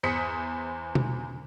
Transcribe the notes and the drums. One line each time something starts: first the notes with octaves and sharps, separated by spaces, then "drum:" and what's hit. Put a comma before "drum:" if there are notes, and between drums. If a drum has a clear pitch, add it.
E2 C5 D#6 B6 C#7
drum: tom B2